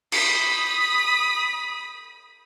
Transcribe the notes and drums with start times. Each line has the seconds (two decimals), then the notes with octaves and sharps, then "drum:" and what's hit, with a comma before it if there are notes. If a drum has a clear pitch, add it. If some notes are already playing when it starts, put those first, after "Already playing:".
0.12 B5 D#6, drum: cymbal